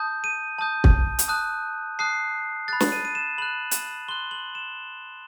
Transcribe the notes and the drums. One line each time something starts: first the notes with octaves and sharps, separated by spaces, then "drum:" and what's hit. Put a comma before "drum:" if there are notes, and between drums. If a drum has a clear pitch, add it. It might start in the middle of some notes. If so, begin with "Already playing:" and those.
Already playing: A5 D#6 G6
D#7
A5 D#6 G6
drum: kick
drum: hi-hat
A5 D#6 F#6
A5 D#6 F#6 C7
B5 F#6 A6
drum: snare
D#7
D#7
E7
B5 F#6 F#7
drum: hi-hat
C6 F#6 G7
F#7
E7